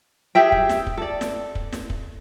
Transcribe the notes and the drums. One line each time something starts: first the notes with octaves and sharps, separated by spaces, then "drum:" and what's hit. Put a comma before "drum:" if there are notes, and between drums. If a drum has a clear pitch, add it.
G4 G#4 E5 G5
drum: kick
drum: snare
drum: kick
A4 D5
drum: snare
drum: kick
drum: snare
drum: kick